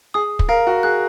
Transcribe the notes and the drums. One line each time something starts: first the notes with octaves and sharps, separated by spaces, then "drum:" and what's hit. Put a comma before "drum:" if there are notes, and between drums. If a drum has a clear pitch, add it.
G#4 D#6
drum: kick
A#4 F5
F#4
G#4 F#6